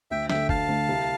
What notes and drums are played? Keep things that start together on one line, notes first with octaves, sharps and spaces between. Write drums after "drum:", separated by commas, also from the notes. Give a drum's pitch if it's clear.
D2 E5 G5
D3 A3 E5 G5, drum: snare
D2 F5 A5, drum: kick F#1
D3 A3
C2